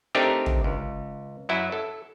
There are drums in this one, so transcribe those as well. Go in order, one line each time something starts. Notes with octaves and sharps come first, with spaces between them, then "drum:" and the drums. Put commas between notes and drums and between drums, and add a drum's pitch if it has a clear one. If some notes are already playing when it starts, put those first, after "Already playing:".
A3 C4 D4 D#4 G4 A#4
drum: tom
C#2
F#2 F#3 E4
A4